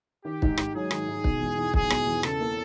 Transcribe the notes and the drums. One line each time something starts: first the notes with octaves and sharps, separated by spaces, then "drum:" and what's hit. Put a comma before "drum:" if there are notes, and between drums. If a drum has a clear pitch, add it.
D#3 G4
G#2, drum: kick
G#2, drum: rim click
F#3 G#4
D#3, drum: rim click
G#2
B2, drum: kick
E2
E2
F#3 G#4, drum: kick
B2, drum: rim click
E2
C#3 A4, drum: rim click
A#3